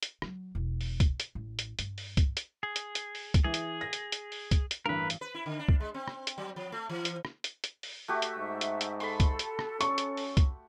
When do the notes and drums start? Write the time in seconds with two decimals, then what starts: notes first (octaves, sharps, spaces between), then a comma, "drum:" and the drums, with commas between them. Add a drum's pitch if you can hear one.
0.03 drum: hi-hat
0.22 F#3, drum: rim click
0.55 E1
0.81 drum: open hi-hat
1.00 drum: kick C2, hi-hat
1.20 drum: hi-hat
1.35 A1
1.59 drum: hi-hat
1.79 G2, drum: hi-hat
1.98 drum: open hi-hat
2.17 drum: kick C2, hi-hat
2.37 drum: hi-hat
2.63 G#4
2.76 drum: hi-hat
2.95 drum: hi-hat
3.15 drum: open hi-hat
3.34 drum: kick C2, hi-hat
3.44 E3 G#4
3.54 drum: hi-hat
3.81 A#6
3.93 drum: hi-hat
4.12 drum: hi-hat
4.32 drum: open hi-hat
4.51 drum: kick C2, hi-hat
4.71 drum: hi-hat
4.86 A1 G2 A#4 B4
5.10 drum: hi-hat
5.21 B4
5.34 E4
5.46 D3
5.59 D4
5.69 drum: kick C2
5.80 G#3
5.94 C4
6.08 drum: rim click
6.27 drum: hi-hat
6.38 F#3
6.56 F3
6.72 A3
6.89 E3
7.05 drum: hi-hat
7.25 drum: rim click
7.44 drum: hi-hat
7.64 drum: hi-hat
7.83 drum: open hi-hat
8.08 A3 F#4 G4 E5
8.22 drum: hi-hat
8.38 G#2
8.61 drum: hi-hat
8.81 drum: hi-hat
9.00 A4 B5 C6, drum: open hi-hat
9.20 drum: kick C2, hi-hat
9.39 drum: hi-hat
9.59 drum: rim click
9.81 C#4 C#6, drum: hi-hat
9.98 drum: hi-hat
10.17 drum: open hi-hat
10.37 drum: kick C2, hi-hat